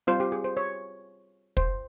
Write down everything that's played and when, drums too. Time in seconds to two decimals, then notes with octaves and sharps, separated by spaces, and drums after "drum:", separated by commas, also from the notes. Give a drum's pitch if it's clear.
0.07 G3 C4 F4 C5
0.20 G4
0.32 G#4
0.44 C5
0.57 C#5
1.57 C5, drum: kick